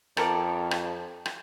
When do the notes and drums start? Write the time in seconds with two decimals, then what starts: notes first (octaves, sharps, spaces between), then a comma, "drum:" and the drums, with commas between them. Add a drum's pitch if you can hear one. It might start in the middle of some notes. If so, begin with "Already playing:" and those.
0.17 F2 A4 A#4 D5, drum: rim click
0.71 drum: rim click
1.26 drum: rim click